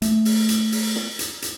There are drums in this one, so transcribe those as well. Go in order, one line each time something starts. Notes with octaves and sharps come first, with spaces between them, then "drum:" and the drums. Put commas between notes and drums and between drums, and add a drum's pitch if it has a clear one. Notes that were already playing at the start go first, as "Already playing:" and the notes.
A3, drum: hi-hat
drum: open hi-hat
drum: hi-hat
drum: open hi-hat
drum: snare
drum: hi-hat
drum: hi-hat